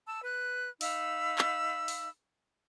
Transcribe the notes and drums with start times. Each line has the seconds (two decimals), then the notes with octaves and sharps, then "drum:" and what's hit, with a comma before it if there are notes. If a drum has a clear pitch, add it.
0.07 A5 E6
0.22 B4 F#6
0.81 D#4 F5 B5 E6, drum: open hi-hat
1.38 drum: clap
1.88 drum: open hi-hat